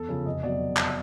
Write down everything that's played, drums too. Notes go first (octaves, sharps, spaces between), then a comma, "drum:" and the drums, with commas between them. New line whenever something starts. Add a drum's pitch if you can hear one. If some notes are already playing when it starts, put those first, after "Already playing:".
Already playing: E2 A4
C#3 F3
F1 D#5
B2 F#3 D5
drum: clap